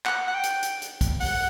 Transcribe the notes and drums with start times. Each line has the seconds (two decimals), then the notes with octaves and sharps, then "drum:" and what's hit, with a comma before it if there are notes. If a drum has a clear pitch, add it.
0.06 F#5, drum: clap
0.28 F#5
0.34 G5
0.43 drum: hi-hat
0.63 drum: hi-hat
0.82 drum: hi-hat
1.01 drum: kick, hi-hat
1.20 F#5, drum: open hi-hat